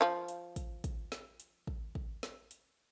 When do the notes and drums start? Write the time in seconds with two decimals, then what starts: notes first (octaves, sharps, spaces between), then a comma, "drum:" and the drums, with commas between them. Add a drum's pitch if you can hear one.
0.01 F3 F5
0.28 drum: hi-hat
0.56 drum: kick, hi-hat
0.84 drum: kick, hi-hat
1.12 drum: snare
1.40 drum: hi-hat
1.67 drum: kick
1.95 drum: kick
2.23 drum: snare
2.51 drum: hi-hat